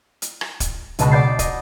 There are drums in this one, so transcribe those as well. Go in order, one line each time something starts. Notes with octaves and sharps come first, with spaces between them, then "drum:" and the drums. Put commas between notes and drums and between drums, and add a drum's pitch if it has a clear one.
drum: hi-hat
drum: rim click
drum: kick, hi-hat
C#2 B2 D#5 A5 B5 F#6, drum: hi-hat
D5 F#5 B5 G6 A6 C7
D#5, drum: kick, hi-hat